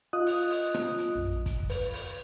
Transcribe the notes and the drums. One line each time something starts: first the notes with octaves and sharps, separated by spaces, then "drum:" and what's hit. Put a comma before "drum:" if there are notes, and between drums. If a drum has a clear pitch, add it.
F4 D#5 D#6 F#6
drum: open hi-hat
drum: open hi-hat
drum: rim click
drum: hi-hat
A#1 F#2
drum: kick, hi-hat
B4, drum: open hi-hat
drum: open hi-hat